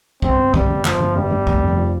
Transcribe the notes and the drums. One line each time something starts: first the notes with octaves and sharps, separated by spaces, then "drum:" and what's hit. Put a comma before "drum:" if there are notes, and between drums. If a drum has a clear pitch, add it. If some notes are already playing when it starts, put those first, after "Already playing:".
G1 C4, drum: kick
C3
G1 G3, drum: kick
G1
G1 F3, drum: clap
G1
G1 G3
G1
F1, drum: kick
F2
F3